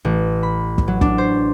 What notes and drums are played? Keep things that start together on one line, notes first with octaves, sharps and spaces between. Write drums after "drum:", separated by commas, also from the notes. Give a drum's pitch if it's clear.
A1
B5
drum: kick
F#3
D4, drum: kick
C5